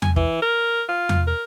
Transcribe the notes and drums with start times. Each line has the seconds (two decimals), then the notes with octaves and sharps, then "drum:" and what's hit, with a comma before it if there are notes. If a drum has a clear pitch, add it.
0.02 G#5, drum: tom E2
0.16 E3, drum: kick
0.42 A#4
0.89 F4
1.09 drum: tom E2
1.27 A#4